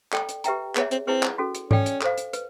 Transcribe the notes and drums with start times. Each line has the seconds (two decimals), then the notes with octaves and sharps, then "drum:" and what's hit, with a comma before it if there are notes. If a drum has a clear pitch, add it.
0.13 A4 D5 G5, drum: clap
0.29 drum: hi-hat
0.44 G4 B4 E5 G5 A#5, drum: hi-hat
0.75 B3 G#4 C#5 E5, drum: clap
0.91 C4, drum: hi-hat
1.07 C4 E4 G#4 B4
1.23 drum: clap
1.38 C#4 F#4 A4
1.55 drum: hi-hat
1.71 C#4 A4 D5 G5, drum: tom G#2
1.86 drum: hi-hat
2.02 A4 C5 F5, drum: clap
2.18 drum: hi-hat
2.33 B4, drum: hi-hat